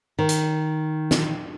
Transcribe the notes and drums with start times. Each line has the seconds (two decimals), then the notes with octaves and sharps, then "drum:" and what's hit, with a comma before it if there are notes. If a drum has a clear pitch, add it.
0.19 D#3
0.29 drum: hi-hat
1.11 drum: snare